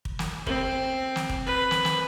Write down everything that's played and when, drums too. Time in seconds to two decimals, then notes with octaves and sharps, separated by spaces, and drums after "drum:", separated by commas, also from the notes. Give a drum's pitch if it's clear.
0.05 drum: kick
0.19 drum: snare
0.47 C4, drum: kick
1.16 drum: snare
1.29 drum: kick
1.46 B4
1.71 drum: snare
1.85 drum: snare